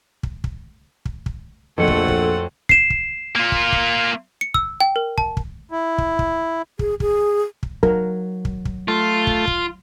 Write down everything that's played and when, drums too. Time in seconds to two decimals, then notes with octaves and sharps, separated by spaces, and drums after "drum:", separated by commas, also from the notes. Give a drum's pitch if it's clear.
0.23 drum: kick
0.44 drum: kick
1.05 drum: kick
1.26 drum: kick
1.78 A#1 F2 F#3 A3 C4 A4 F#5 C#7
1.88 drum: kick
2.08 drum: kick
2.69 C7 E7, drum: kick
2.90 drum: kick
3.36 A#3 F4
3.52 drum: kick
3.72 drum: kick
4.41 C#7
4.54 E6, drum: kick
4.80 G5
4.96 A#4
5.18 A5, drum: kick
5.37 drum: kick
5.71 E4
5.98 drum: kick
6.19 drum: kick
6.79 G#4, drum: kick
7.00 G#4, drum: kick
7.63 drum: kick
7.83 F#3 A#4, drum: kick
8.45 drum: kick
8.65 drum: kick
8.88 A3 F4
9.27 drum: kick
9.48 drum: kick